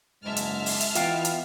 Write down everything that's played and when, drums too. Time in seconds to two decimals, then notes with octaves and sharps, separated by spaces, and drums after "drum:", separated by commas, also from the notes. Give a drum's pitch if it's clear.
0.24 F#1 E2 G#2 G#3 E5 A5 F6
0.37 drum: hi-hat
0.66 drum: open hi-hat
0.81 drum: hi-hat
0.95 E3 B3 F4 F5 G5, drum: hi-hat
1.25 drum: hi-hat